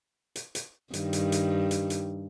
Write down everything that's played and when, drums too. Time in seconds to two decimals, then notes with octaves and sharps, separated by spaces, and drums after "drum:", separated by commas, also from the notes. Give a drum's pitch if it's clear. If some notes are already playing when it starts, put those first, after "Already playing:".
0.36 drum: hi-hat
0.55 drum: hi-hat
0.93 G2 D#3, drum: hi-hat
1.13 drum: hi-hat
1.32 drum: hi-hat
1.71 drum: hi-hat
1.90 drum: hi-hat